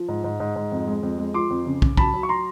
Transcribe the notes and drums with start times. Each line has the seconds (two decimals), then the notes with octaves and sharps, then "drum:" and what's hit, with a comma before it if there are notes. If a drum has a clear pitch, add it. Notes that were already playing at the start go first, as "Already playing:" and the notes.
Already playing: F3
0.08 G#2
0.24 G#2
0.40 G#2
0.56 G#2
0.72 F2
0.88 G#3
1.03 F2
1.19 G#3
1.34 F3 C6 D6
1.50 F2
1.66 C#3
1.82 C#3, drum: kick
1.97 F#3 A5 B5, drum: kick
2.14 F#3
2.23 C#6
2.29 A#5 C6